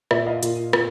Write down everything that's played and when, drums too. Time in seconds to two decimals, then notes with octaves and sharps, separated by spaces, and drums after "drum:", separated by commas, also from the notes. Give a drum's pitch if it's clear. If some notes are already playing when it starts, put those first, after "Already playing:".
0.11 A#2 D5 E5, drum: rim click
0.26 D#5 F5
0.43 A#2, drum: hi-hat
0.73 A#2, drum: rim click